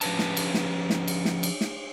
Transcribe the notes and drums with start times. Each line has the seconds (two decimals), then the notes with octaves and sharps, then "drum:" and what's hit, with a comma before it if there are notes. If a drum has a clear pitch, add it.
0.01 F3 C#4 B4 A5, drum: cymbal
0.19 drum: snare
0.37 drum: cymbal
0.54 drum: snare
0.90 drum: snare
1.08 drum: cymbal
1.25 drum: snare
1.43 drum: cymbal
1.61 drum: snare